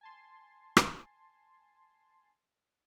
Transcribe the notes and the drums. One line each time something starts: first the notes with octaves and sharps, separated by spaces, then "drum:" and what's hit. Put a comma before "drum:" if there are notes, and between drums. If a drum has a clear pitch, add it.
G#5 A5 C6
drum: rim click